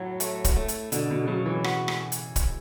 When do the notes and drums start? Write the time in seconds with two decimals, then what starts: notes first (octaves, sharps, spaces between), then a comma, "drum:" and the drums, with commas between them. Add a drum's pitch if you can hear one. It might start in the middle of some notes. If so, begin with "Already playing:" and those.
Already playing: A2 F#3
0.20 A3, drum: hi-hat
0.44 drum: kick, hi-hat
0.56 A3
0.68 drum: hi-hat
0.92 B2 D3, drum: hi-hat
1.11 B2
1.24 C#3
1.28 B2 F#3
1.46 E3
1.64 F#4, drum: rim click
1.88 drum: rim click
2.12 drum: hi-hat
2.36 drum: kick, hi-hat